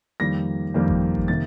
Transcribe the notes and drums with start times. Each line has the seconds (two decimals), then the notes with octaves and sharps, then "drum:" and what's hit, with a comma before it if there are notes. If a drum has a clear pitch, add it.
0.20 F2 D#3 G3 A#3 A#6
0.74 F2 D#3 G3 A#3
0.88 drum: kick G1
1.15 drum: kick G1
1.28 C3 D#3 A#3 A6